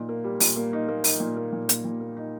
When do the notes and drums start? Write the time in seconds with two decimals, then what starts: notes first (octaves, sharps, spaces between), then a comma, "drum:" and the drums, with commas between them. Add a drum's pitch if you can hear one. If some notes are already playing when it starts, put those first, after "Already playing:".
Already playing: A#2 D#4
0.09 A#3
0.24 G3
0.40 A#2, drum: open hi-hat
0.56 A#3
0.73 D#4
0.88 A#3
1.04 D#4, drum: open hi-hat
1.20 A#2
1.37 A#3
1.53 A#2
1.69 A#3, drum: hi-hat
1.85 A#2
2.01 A#3
2.17 D#4